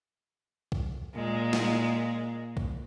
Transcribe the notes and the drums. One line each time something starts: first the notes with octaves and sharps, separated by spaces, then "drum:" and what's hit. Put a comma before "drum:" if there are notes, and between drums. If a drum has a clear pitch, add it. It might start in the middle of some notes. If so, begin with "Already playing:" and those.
drum: kick
A#2 G#3
drum: snare
drum: kick